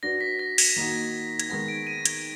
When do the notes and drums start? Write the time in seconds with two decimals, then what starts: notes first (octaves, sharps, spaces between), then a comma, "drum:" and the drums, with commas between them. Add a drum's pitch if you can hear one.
0.03 F#3 D4 F#4 B4 A#6
0.21 B6
0.39 A#6
0.58 G#6, drum: open hi-hat
0.76 D#3 A#3 D#4 F#4
1.39 G#6, drum: hi-hat
1.50 D#3 G#3 B3 A#6
1.68 D7
1.87 D#7
2.06 G#6, drum: hi-hat